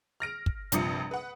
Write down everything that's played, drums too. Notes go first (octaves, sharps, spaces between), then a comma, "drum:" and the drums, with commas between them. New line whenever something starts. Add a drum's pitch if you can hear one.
F6 A#6 D7
drum: kick
A#1 G2 C3 F3 D#6 C#7, drum: hi-hat
B4 F#5